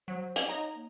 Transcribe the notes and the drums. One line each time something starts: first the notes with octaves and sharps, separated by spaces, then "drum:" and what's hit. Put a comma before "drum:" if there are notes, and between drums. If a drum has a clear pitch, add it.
F#3 C5
drum: hi-hat
D#4 C#5 A#5
A#3